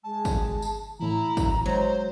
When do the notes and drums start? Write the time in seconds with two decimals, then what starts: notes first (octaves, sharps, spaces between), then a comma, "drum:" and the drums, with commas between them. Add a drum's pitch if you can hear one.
0.04 G#3 A5
0.25 drum: kick, tambourine
0.62 drum: tambourine
1.00 A2 E3 E4 A#5
1.37 drum: kick, tambourine
1.66 F#3 G#3 C5